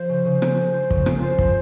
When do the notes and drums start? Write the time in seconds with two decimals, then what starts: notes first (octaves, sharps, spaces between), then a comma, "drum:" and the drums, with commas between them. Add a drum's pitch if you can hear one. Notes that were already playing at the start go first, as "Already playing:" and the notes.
Already playing: F3 C5
0.09 C#3
0.25 C#3
0.42 C#3, drum: rim click
0.57 F3
0.74 F4
0.91 C#3, drum: kick
1.06 F4, drum: rim click
1.15 A#4
1.22 F4 C5
1.39 F3, drum: kick